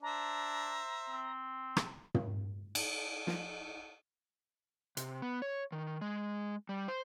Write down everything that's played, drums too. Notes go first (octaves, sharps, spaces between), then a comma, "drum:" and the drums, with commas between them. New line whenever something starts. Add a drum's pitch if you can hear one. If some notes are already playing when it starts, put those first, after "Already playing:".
D4 C5 E5 A#5
C4
drum: rim click
drum: tom
drum: cymbal
F3, drum: snare
C3, drum: hi-hat
B3
C#5
D#3
G#3
G3
C5